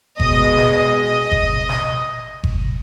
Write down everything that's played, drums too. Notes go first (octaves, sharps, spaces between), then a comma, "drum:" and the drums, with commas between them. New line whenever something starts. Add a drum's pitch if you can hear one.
B2 G#3 D#5, drum: kick G1
drum: snare
D#5
drum: kick G1
drum: snare
drum: kick G1